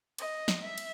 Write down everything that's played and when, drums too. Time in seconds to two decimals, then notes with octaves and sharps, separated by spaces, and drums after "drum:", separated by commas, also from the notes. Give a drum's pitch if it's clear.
0.18 D#5, drum: cymbal
0.48 drum: snare
0.63 E5
0.78 drum: cymbal